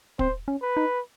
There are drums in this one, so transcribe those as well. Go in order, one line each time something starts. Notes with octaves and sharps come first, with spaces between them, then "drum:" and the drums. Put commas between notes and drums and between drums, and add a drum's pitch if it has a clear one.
C4 C5, drum: kick
C#4
B4
D#4